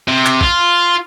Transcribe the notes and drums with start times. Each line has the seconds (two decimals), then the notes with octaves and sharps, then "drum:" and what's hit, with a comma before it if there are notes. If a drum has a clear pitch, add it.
0.08 C3
0.26 drum: clap
0.41 F4, drum: kick